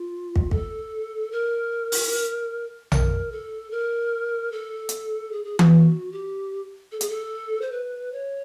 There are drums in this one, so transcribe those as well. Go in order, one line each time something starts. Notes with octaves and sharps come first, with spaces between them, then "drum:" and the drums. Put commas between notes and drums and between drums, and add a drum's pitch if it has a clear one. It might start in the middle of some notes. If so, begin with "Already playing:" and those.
Already playing: F4
drum: kick
A4, drum: kick
A#4
drum: open hi-hat
A#4, drum: tom A#1
A4
A#4
A4
drum: hi-hat
G#4
G#4
F#4, drum: tom E3
G4
A4
G#4, drum: hi-hat
A4
C5
B4
C#5